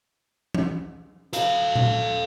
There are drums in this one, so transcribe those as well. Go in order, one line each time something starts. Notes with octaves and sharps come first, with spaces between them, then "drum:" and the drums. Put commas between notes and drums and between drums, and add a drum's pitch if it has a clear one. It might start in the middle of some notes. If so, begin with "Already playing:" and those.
drum: tom E3
A4 F5, drum: hi-hat
drum: tom A#2